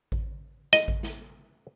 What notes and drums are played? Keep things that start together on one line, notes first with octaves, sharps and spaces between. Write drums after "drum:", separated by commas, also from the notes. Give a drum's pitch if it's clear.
drum: kick A1
D#5, drum: snare
drum: kick A1
drum: snare